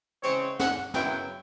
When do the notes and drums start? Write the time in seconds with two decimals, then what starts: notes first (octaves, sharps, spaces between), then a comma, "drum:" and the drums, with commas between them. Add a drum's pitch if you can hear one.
0.23 C#3 E3 G#3 C4 C#5, drum: hi-hat
0.59 F#5, drum: snare
0.94 F#2 C#3 F#3 B3 E4 G5, drum: snare